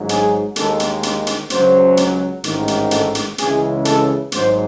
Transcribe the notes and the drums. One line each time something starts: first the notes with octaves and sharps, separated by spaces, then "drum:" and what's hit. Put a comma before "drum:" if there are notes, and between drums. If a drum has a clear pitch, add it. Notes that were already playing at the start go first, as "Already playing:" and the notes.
Already playing: G#1 G#2 F#3
G#4, drum: hi-hat
D#2 D#3 G#3 A4, drum: hi-hat
drum: hi-hat
drum: hi-hat
drum: hi-hat
C#2 C#3 F#3 C5, drum: hi-hat
drum: hi-hat
A1 G#2 D#3, drum: hi-hat
drum: hi-hat
A4, drum: hi-hat
drum: hi-hat
C#2 C#3 E3 G#3 G#4, drum: hi-hat
A4, drum: hi-hat
G#1 G#2 F#3 C5, drum: hi-hat